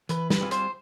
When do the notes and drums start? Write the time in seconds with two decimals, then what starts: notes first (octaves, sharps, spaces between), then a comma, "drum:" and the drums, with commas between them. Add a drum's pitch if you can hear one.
0.09 E3 B4, drum: hi-hat
0.30 B4, drum: snare
0.41 G3 C4 F4 G#4
0.51 C5, drum: hi-hat